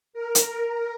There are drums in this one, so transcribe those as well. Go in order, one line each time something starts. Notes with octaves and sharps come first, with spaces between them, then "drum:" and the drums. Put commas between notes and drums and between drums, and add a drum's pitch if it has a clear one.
A#4
drum: hi-hat